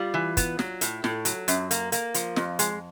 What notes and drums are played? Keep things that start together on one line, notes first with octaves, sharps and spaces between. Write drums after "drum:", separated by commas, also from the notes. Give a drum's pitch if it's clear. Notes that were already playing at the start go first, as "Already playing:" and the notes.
Already playing: G3 F4
E3
B3, drum: kick, hi-hat
F#3, drum: snare
A2, drum: hi-hat
A2, drum: snare
F#3, drum: hi-hat
F#2, drum: hi-hat
A#3, drum: hi-hat
A#3, drum: hi-hat
F3, drum: hi-hat
F2, drum: snare
G#3, drum: hi-hat